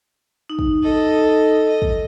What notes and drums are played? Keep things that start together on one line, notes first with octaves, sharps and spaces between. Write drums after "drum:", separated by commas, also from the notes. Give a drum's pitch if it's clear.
D#4
drum: kick
A4 D#5
D#5
drum: kick